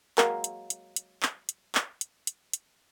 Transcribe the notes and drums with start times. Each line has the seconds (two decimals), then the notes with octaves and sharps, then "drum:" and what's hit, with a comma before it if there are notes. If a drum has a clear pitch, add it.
0.18 F#3 G#3 A#3, drum: clap
0.44 drum: hi-hat
0.70 drum: hi-hat
0.96 drum: hi-hat
1.23 drum: clap
1.49 drum: hi-hat
1.75 drum: clap
2.01 drum: hi-hat
2.27 drum: hi-hat
2.53 drum: hi-hat